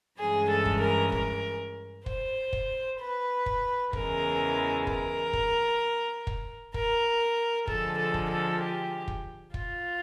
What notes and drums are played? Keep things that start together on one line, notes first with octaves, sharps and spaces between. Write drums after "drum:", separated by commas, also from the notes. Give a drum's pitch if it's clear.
G2 E3 G#3 C#4 G#4
A4
drum: kick
A#4
A#4, drum: kick
C5, drum: kick
drum: kick
B4
drum: kick
E2 C#3 E3 G#3 A#4, drum: kick
A#4, drum: kick
drum: kick
drum: kick
A#4, drum: kick
D3 F3 G#3 A4, drum: kick
A4
drum: kick
A4
G4
drum: kick
F4, drum: kick